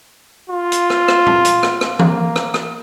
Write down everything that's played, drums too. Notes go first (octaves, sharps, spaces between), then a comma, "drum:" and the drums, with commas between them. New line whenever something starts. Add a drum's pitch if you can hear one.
F4
drum: hi-hat
drum: rim click
drum: rim click
drum: tom
drum: hi-hat
drum: rim click
drum: rim click
A#3, drum: tom E3
drum: rim click
drum: rim click